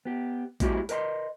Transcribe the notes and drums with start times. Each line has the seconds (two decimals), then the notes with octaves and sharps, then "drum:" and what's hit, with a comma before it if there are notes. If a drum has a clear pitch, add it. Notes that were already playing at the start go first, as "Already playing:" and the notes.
0.05 B3 G4
0.60 G#3 A#3 C#4 E4 F#4 G4, drum: kick A#1, hi-hat
0.89 A#4 B4 D#5 G5 C6, drum: hi-hat